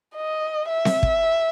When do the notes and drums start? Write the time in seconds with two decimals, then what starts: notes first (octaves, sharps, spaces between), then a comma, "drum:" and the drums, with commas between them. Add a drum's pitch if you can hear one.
0.15 D#5
0.68 E5
0.85 drum: snare C4
1.03 drum: kick